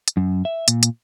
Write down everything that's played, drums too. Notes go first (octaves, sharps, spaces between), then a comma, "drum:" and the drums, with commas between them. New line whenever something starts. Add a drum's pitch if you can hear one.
drum: hi-hat
F#2
E5
A#2, drum: hi-hat
drum: hi-hat